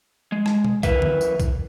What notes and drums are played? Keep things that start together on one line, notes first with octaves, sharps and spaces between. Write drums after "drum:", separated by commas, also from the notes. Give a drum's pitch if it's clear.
G#3
drum: rim click
drum: tom B2
F#2 E3 F#3 A#4 B4 E5, drum: kick B1, tambourine
drum: tom D3
drum: tambourine
drum: kick B1, tambourine